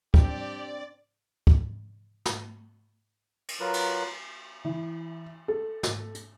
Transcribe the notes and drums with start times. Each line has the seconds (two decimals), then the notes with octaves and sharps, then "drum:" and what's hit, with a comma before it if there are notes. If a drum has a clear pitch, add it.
0.14 G3 C4 D4 G4 D5, drum: kick
1.47 drum: kick
2.26 drum: snare
3.48 drum: cymbal
3.60 F#3 F4 A#4 B4
3.74 drum: cymbal
4.64 E3
5.48 A4
5.83 drum: snare
6.15 drum: hi-hat